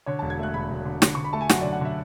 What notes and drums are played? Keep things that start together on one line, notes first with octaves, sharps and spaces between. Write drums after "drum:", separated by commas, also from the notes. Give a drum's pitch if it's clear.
D3 C#5
E1 A5
G#6
A3 F#6
E1 B5
E1
D3
D3, drum: snare
D3 C#6
B5
A3 A5
G#5
F#2 F#5, drum: snare
D3 D5
F#5
D3 E5